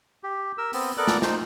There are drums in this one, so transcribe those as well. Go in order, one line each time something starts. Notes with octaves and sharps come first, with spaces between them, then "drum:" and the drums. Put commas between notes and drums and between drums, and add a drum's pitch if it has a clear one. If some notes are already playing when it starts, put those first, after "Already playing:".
G4
A#4 E6
B3 C4, drum: open hi-hat
B3 A4 A#4 D5 D6 F#6
drum: snare
D#4 C5, drum: snare